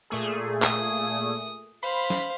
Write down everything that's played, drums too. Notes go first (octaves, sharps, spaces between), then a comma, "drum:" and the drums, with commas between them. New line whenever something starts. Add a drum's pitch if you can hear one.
A#2 A3 G#4
D#6, drum: clap
C5 F5 B5
drum: snare